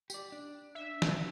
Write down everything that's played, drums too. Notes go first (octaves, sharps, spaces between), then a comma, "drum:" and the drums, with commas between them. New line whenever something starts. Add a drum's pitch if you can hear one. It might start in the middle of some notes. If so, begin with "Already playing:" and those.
G4 D5, drum: tambourine
D4
E5
drum: snare